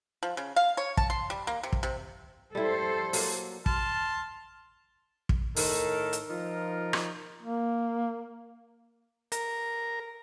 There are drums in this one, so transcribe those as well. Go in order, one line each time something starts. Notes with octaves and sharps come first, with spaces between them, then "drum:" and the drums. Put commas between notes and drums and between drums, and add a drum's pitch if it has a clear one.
F3
C#3
F5
C#5
A5, drum: kick
C6
G3
A#3
C3
drum: kick
C3
G3 E4 A4 C5
F#3 A#3, drum: open hi-hat
A5 C6 F6, drum: kick
drum: kick
A2 D#3 A4 A#4, drum: open hi-hat
drum: hi-hat
F3 D#4 F4 A#4
drum: rim click
A#3
A#4, drum: hi-hat